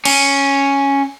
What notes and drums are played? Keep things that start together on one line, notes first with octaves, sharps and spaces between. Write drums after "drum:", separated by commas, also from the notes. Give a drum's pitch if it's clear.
C#4, drum: cymbal